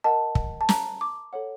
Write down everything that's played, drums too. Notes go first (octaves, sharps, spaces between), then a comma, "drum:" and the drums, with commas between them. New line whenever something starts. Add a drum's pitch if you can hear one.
A#4 D#5 F#5 A5
drum: kick
A5
A#5, drum: snare
D6
A4 C#5 F#5